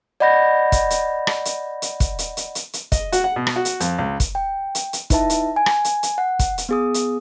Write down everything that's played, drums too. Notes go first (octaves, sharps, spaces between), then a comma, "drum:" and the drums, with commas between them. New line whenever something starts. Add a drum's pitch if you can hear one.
D5 D#5 F#5 B5 G6 A#6
drum: kick, hi-hat
drum: hi-hat
drum: rim click
drum: hi-hat
drum: hi-hat
drum: kick, hi-hat
drum: hi-hat
drum: hi-hat
drum: hi-hat
drum: hi-hat
D#5, drum: kick, hi-hat
F#4, drum: hi-hat
F#5
B2
drum: rim click
F#4
drum: hi-hat
F2, drum: hi-hat
C#2
drum: kick, hi-hat
G5
drum: hi-hat
drum: hi-hat
D#4 E4 B4 E5 A5, drum: kick, hi-hat
drum: hi-hat
G#5
drum: rim click
drum: hi-hat
drum: hi-hat
F#5
drum: kick, hi-hat
drum: hi-hat
B3 G#4 D#6
drum: hi-hat